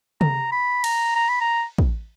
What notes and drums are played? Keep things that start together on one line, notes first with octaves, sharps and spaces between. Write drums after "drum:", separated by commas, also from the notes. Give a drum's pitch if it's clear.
A#5, drum: tom
B5
A#5, drum: cymbal
A#5
B5
A#5
drum: kick